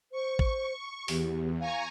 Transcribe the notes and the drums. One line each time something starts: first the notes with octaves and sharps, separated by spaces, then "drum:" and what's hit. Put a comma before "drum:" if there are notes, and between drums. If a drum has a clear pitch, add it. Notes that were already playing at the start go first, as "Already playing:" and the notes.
C5 C#6
drum: kick A1
E2 G4, drum: open hi-hat
F5 G#5 A#5 C#6